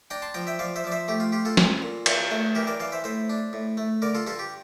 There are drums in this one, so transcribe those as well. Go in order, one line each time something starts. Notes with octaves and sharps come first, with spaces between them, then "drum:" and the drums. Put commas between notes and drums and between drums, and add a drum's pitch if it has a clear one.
D4 G5 A#5
A5 C6
F3 G5 A#5
E5 G5
F3 D5 F5
C5 E5
F3 D5
C5 E5
A3 G4
F4
F4 G4
F4 A4
F4, drum: snare
A#2
E3, drum: cymbal
A3
E3 G4 A#4
A#4 D5
E3 D5 F5
C5 E5
A2 C5 E5
D4
A2
A3
D3 A#4 D5
F4 A4
G2 F4 A4
G4